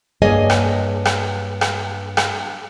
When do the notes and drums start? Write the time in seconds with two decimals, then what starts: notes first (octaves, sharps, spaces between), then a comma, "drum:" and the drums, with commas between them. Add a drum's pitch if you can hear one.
0.22 G2 A#3 G#4 C#5 D#5 G#5
0.50 drum: rim click
1.05 drum: rim click
1.61 drum: rim click
2.17 drum: rim click